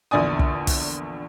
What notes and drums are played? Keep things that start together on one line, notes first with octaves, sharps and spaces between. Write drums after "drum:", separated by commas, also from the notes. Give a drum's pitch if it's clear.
A#1 E2 D3 D5 G#5 D#6
drum: kick
drum: kick, open hi-hat